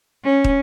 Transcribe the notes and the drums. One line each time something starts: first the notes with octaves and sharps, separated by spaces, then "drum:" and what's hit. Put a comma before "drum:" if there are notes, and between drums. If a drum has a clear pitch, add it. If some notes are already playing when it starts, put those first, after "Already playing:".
C#4
drum: kick